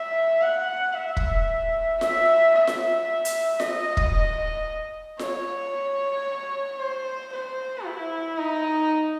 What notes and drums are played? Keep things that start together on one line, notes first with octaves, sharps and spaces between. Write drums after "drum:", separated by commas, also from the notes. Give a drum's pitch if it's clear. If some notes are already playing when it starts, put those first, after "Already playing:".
Already playing: E5
F#5
E5
drum: kick
E5, drum: snare F4
E5
drum: snare F4
drum: hi-hat
D#5, drum: snare F4
drum: kick
C#5, drum: snare F4
C5
C5
E4
D#4